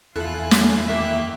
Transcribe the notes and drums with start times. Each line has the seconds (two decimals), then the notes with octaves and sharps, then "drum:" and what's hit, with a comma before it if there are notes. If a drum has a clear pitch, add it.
0.16 E2 E4 F4 A4 G#5 F#6
0.51 drum: snare
0.87 F#2 D#3 A#3 G4 E5